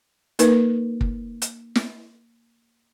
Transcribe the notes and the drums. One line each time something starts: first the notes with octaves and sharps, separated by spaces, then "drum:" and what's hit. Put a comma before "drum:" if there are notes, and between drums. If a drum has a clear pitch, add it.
A#3 D#4 A#4 B4, drum: hi-hat
drum: kick
drum: hi-hat
drum: snare